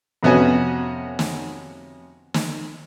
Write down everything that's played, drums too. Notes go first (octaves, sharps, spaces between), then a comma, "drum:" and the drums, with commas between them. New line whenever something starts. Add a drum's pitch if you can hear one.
F2 C3 B3 C#4 F#4 G#5
drum: snare
drum: snare